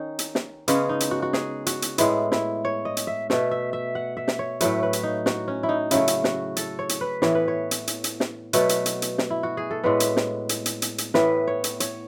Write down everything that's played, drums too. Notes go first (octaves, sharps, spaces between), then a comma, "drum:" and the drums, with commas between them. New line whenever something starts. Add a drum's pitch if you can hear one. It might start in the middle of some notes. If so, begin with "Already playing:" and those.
Already playing: D#3 C#4 D#4
drum: hi-hat
drum: snare
C#3 G#3 B3 C#4, drum: hi-hat
D#4
drum: hi-hat
F#4
F#4
G#4, drum: snare
F#4, drum: hi-hat
drum: hi-hat
A2 G#3 B3 E4, drum: hi-hat
E4, drum: snare
C#5
D#5
drum: hi-hat
E5
B2 A3 E5, drum: snare
E5
E5
F#5
E5
drum: snare
C#5
A2 F#3 A3 B4, drum: hi-hat
B4
drum: hi-hat
D#4
F#4, drum: snare
C#4
E4
D#4
C#3 F#3 A3 E4, drum: hi-hat
drum: hi-hat
F#4, drum: snare
A4, drum: hi-hat
C#5
drum: hi-hat
B4
A2 E3 B3 C#5, drum: snare
B4
C#5
drum: hi-hat
drum: hi-hat
drum: hi-hat
drum: snare
B2 F#3 A3 B4, drum: hi-hat
drum: hi-hat
drum: hi-hat
drum: hi-hat
drum: snare
E4
F#4
G#4
A4
A2 G#3 B3 B4
drum: hi-hat
drum: snare
drum: hi-hat
drum: hi-hat
drum: hi-hat
drum: hi-hat
A2 E3 B3 B4, drum: snare
C#5
drum: hi-hat
C#5, drum: hi-hat